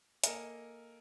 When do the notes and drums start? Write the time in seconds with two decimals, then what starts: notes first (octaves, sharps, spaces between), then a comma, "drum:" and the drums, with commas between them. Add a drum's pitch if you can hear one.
0.24 A#3 A4 A#4 D#5 G#5, drum: hi-hat